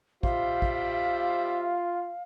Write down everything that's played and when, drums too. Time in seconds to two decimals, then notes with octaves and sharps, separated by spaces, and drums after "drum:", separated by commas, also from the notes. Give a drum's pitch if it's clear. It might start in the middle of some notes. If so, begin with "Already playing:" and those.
0.23 G3 F4 C5 E5 F5, drum: kick
0.62 drum: kick